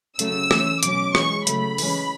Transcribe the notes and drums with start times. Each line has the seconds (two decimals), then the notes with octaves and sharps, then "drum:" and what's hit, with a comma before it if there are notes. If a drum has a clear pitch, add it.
0.19 C#3 F#3 A3 E6, drum: hi-hat
0.51 E3 A3 C#4, drum: rim click
0.83 B2 F#3 C#4 D6, drum: hi-hat
1.15 E3 G#3 C#4 C#6, drum: rim click
1.47 C#3 F#3 A3 B5, drum: hi-hat
1.78 E3 G#3 C#4, drum: open hi-hat